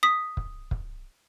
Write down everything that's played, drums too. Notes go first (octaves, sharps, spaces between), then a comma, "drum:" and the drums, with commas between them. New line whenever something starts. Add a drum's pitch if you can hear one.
D#6 B6
drum: kick
drum: kick